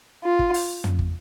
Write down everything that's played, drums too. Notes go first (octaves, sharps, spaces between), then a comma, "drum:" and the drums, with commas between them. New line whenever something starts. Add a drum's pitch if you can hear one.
F4
drum: kick
drum: open hi-hat
drum: tom
drum: kick